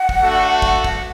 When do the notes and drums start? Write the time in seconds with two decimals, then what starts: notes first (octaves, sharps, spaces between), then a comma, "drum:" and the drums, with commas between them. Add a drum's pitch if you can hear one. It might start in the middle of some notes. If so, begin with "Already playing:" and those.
Already playing: F#5
0.09 drum: kick
0.22 A3 D4 F#4 A4
0.62 drum: kick
0.84 F#5, drum: kick